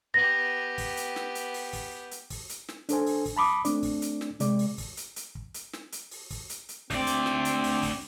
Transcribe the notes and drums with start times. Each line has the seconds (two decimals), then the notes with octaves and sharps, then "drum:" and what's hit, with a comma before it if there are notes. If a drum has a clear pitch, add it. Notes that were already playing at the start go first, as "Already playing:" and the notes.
0.14 B3 G4 A#6
0.78 drum: kick, open hi-hat
0.97 drum: hi-hat
1.16 drum: snare
1.35 drum: hi-hat
1.54 drum: open hi-hat
1.73 drum: kick, open hi-hat
2.11 drum: hi-hat
2.30 drum: kick, open hi-hat
2.49 drum: hi-hat
2.68 drum: snare
2.89 D4 A4 C5 G#5, drum: hi-hat
3.07 drum: open hi-hat
3.26 drum: kick, open hi-hat
3.36 A5 B5 D6 D#6
3.65 A3 C4 D4 D5, drum: hi-hat
3.83 drum: kick, open hi-hat
4.02 drum: hi-hat
4.21 drum: snare
4.40 C3 G#3 D5, drum: hi-hat
4.59 drum: open hi-hat
4.78 drum: kick, open hi-hat
4.97 drum: hi-hat
5.16 drum: hi-hat
5.35 drum: kick
5.54 drum: hi-hat
5.73 drum: snare
5.92 drum: hi-hat
6.11 drum: open hi-hat
6.30 drum: kick, open hi-hat
6.50 drum: hi-hat
6.69 drum: hi-hat
6.90 D2 C4 D5, drum: kick, open hi-hat
7.07 drum: hi-hat
7.26 drum: snare
7.45 drum: hi-hat
7.64 drum: open hi-hat
7.83 drum: kick, open hi-hat